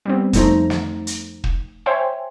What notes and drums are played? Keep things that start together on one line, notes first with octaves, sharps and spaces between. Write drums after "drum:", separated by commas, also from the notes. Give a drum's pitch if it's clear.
G3 B3 C4
F2 F3 A3 D#4 C5 A#5, drum: kick, hi-hat
drum: snare
drum: hi-hat
drum: kick
C5 C#5 E5 G5 G#5 C6